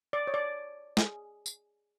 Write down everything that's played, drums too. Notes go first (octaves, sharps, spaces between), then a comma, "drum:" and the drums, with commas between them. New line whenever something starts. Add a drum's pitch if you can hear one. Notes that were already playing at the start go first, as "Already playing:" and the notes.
D5
C#5
D5
G#4, drum: snare
drum: tambourine